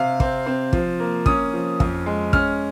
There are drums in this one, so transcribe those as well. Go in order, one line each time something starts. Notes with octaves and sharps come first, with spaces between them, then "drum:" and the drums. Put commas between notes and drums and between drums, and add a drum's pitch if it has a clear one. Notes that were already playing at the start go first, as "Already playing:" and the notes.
Already playing: C3 F5
C4, drum: kick
C4
F3, drum: kick
A#3
C#4 D#6, drum: kick
F3
F2, drum: kick
G#3
C#4 F6, drum: kick